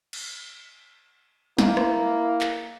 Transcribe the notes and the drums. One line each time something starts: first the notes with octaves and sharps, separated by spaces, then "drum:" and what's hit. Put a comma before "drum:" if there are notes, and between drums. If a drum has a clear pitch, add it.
drum: cymbal
A#3 E4, drum: snare
drum: rim click
drum: clap